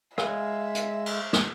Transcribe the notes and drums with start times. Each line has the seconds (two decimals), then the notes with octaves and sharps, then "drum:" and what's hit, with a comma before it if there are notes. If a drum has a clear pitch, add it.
0.18 G#3 E5 F5, drum: rim click
0.75 drum: hi-hat
1.06 drum: cymbal
1.33 drum: snare